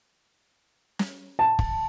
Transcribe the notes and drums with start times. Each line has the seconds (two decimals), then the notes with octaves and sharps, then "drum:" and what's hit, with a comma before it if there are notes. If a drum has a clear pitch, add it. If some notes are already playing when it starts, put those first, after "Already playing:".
0.99 drum: snare
1.39 A5
1.59 drum: kick